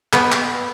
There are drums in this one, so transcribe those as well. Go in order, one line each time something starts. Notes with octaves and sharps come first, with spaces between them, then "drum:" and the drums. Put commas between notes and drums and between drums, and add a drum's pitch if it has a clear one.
B3, drum: clap
drum: clap